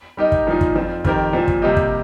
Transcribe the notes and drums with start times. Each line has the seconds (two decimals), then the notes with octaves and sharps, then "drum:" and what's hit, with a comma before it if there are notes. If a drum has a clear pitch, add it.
0.17 G3 D#4 G4 A#4 D#5
0.32 drum: kick
0.47 A#2 F3 D#4
0.61 drum: kick
0.75 F2 F3 C4
1.05 F2 D#3 C4 G4 A#4, drum: kick
1.33 A#2 F3 C4
1.48 drum: kick
1.62 C3 G3 A#3 G4 D#5
1.77 drum: kick